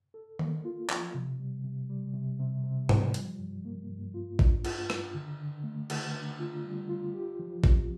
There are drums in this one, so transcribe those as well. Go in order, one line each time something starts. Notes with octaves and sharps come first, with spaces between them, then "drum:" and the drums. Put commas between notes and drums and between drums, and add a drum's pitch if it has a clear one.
A4
A#3, drum: tom D#3
F4
F3, drum: clap
C3
G3
C3
G3
C3
C3
C3
G3, drum: tom
F3, drum: hi-hat
G2
A#3
G2
F4
D4, drum: kick A1
F4, drum: cymbal
D4, drum: rim click
D3
D3
A3
D3, drum: cymbal
D4
F4
G3
F4
G4
F3
C4, drum: kick A1